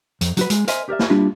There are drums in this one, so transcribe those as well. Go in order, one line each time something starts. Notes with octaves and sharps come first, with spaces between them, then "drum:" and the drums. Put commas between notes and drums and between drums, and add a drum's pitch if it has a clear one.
F2, drum: hi-hat
F#3 F#4 B4, drum: hi-hat
G#3, drum: hi-hat
A#4 C5 D#5 E5 G#5 C6, drum: hi-hat
G4 A#4 D5 E5
drum: snare
G3 A#3 D4 E4 F4 G4